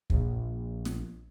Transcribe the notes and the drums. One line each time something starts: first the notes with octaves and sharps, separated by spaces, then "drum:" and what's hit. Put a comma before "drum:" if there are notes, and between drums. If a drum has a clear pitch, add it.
A#1, drum: kick
drum: snare